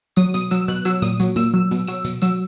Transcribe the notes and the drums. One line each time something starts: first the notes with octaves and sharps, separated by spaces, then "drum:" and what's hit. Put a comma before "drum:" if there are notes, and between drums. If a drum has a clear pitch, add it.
F#3 D#6, drum: tambourine
B2 D#6, drum: tambourine
F#3 E6, drum: tambourine
B2 F#6, drum: tambourine
F#3 E6, drum: tambourine
A#2 D#6, drum: tambourine
F#3, drum: tambourine
A#2 E6, drum: tambourine
F#3 E6
B2, drum: tambourine
F#3 E6, drum: tambourine
B2, drum: tambourine
F#3 E6, drum: tambourine